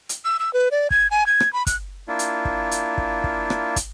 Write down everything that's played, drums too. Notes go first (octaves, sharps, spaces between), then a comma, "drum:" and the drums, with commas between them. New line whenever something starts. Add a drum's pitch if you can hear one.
drum: hi-hat
E6
E6
B4
D5
G#6, drum: kick
G#5
G#6
drum: rim click
B5
F#6, drum: kick, hi-hat
A#3 D4 E4 F4
drum: hi-hat
drum: kick
drum: hi-hat
drum: kick
drum: kick
drum: rim click
drum: kick, hi-hat